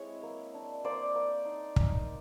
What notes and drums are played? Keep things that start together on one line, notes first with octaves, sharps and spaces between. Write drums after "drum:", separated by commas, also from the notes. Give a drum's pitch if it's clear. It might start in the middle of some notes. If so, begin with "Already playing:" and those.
Already playing: G#3 C4 E4 C#5
A#3
D4
A#3 C5 D5
A#3
D#4
D#4, drum: kick